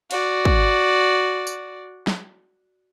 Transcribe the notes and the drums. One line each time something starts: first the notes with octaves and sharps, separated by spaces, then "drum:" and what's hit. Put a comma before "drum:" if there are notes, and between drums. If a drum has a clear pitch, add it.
F#4 D5, drum: cymbal
drum: kick
drum: tambourine
drum: snare